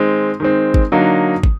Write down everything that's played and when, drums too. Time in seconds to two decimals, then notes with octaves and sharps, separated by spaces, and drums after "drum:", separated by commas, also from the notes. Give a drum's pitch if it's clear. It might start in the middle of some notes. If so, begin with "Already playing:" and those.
Already playing: D#3 G#3 C4
0.40 D#3 G#3 C4
0.74 drum: kick
0.92 D3 F#3 A#3 D#4
1.43 drum: kick